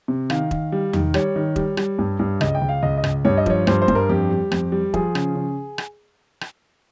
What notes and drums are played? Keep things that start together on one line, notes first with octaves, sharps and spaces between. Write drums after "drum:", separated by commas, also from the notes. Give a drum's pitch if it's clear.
C3
D#3 F5, drum: rim click
D#3, drum: kick E1
G3
D#3, drum: tom E2
G3 C#5, drum: rim click
D#3
G3, drum: kick E1
G3, drum: rim click
G2
G2
C#2 D#5, drum: rim click
G5
C#2
F5
C#2 D#5
D#5
C#2, drum: rim click
G2 C#5
D#5
F3 C#5, drum: kick E1
G2 C5, drum: rim click
C5
G2, drum: kick E1
A#4
F2 G4
G3
F2, drum: rim click
G3
F3 G#4, drum: kick E1
C#3, drum: rim click
C#3
drum: rim click
drum: rim click